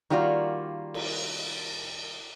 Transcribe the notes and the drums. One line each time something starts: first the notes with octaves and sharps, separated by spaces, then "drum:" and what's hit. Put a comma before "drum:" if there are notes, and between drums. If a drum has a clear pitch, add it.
D#3 G3 A#3 F4 F#4 D5
drum: cymbal